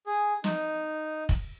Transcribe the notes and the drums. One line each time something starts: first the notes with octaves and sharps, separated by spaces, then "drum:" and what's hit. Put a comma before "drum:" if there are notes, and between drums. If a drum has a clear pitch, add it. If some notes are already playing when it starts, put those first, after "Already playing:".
G#4
D#4, drum: snare
drum: kick